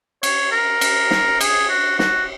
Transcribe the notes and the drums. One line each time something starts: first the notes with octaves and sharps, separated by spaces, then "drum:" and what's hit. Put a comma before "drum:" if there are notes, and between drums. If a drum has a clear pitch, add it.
C#5, drum: cymbal
A#4
drum: cymbal
drum: snare
G#4, drum: cymbal
F#4
F#4, drum: snare